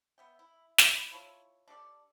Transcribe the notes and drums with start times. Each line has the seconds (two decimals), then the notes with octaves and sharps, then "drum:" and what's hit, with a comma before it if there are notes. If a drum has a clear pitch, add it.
0.18 B3 E5 G5
0.39 E4
0.78 C#3 A#4, drum: snare
0.95 B5
1.11 E4 F4 A4 C#5
1.68 D4 G4 A4 D5